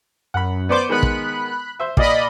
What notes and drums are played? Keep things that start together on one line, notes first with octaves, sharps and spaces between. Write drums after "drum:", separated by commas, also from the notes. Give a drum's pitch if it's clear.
F#2 F#5 B5
B3 B4 C5 D5 D6 G6
D#3 G#3 B3 B5 F#6
drum: kick
C5 E5
A#2 D5 D#5 B5, drum: kick